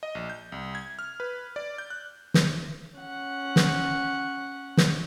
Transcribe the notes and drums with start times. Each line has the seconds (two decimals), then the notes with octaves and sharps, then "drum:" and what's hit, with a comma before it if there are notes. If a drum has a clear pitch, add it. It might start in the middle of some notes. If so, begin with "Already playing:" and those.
0.03 D#5
0.15 A#1
0.30 G6
0.52 C2
0.75 G#6
0.99 F6
1.20 B4
1.56 D5
1.78 G6
1.90 F#6
2.34 drum: snare
2.98 C#4 F#5
3.56 drum: snare
4.77 drum: snare